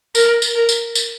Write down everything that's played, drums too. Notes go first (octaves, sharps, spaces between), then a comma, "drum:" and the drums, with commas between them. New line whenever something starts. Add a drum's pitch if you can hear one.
A#4, drum: tambourine
drum: tambourine
A#4
drum: tambourine
drum: tambourine